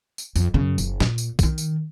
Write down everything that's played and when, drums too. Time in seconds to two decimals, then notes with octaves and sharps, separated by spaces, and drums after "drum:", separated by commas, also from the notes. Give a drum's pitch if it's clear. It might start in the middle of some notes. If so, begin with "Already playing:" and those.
0.18 drum: tambourine
0.36 F2, drum: tambourine
0.54 F#2 C#3
0.78 F#1, drum: tambourine
1.00 A#2, drum: snare
1.18 drum: tambourine
1.39 D3 D#3, drum: kick B1, tambourine
1.58 drum: tambourine